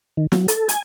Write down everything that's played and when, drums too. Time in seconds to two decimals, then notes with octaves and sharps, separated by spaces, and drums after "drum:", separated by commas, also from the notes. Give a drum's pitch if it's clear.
0.17 D#3
0.32 F#3, drum: snare
0.48 A4, drum: hi-hat
0.69 G#5, drum: hi-hat